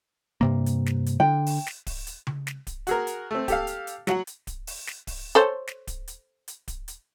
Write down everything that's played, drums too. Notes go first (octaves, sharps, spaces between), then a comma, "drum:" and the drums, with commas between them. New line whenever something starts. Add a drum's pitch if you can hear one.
G2 C3 A#3
drum: hi-hat
drum: snare
drum: hi-hat
D3 G5
drum: open hi-hat
drum: snare
drum: kick D1, open hi-hat
drum: hi-hat
drum: tom C#3
drum: snare
drum: kick D1, hi-hat
F#4 G#4 A#4, drum: hi-hat
drum: hi-hat
A3 C4
G4 A4 F5, drum: kick D1, hi-hat
drum: hi-hat
drum: hi-hat
F#3 F#4 F#5, drum: snare
drum: hi-hat
drum: kick D1, hi-hat
drum: open hi-hat
drum: snare
drum: kick D1, open hi-hat
A4 C5 C#5
drum: snare
drum: kick D1, hi-hat
drum: hi-hat
drum: hi-hat
drum: kick D1, hi-hat
drum: hi-hat